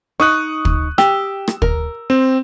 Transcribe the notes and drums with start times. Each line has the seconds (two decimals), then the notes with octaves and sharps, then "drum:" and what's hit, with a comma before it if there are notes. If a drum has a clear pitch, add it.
0.20 D#4 C#6 D#6 F#6
0.65 drum: kick
0.98 G4 E6, drum: rim click
1.48 drum: rim click
1.62 A#4, drum: kick
2.10 C4